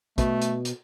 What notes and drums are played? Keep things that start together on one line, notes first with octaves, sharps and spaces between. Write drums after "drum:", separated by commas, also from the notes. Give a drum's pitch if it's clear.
B2 A3, drum: kick, hi-hat
drum: hi-hat
drum: hi-hat